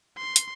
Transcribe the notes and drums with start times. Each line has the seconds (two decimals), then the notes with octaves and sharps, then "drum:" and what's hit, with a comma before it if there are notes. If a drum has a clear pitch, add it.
0.17 C6
0.36 drum: hi-hat